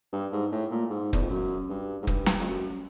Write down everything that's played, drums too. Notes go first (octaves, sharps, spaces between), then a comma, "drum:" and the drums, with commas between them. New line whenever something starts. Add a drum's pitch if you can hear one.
G2
G#2
A2
A#2
G#2
E2, drum: kick
F2
F#2
G2
G#2
G2, drum: kick
drum: snare
F2, drum: hi-hat
F#2